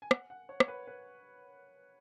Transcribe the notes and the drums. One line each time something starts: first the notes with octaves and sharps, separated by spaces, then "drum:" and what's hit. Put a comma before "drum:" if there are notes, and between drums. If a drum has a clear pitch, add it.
G#5
F#5, drum: rim click
F#5
C#5
C#5, drum: rim click
B4
B4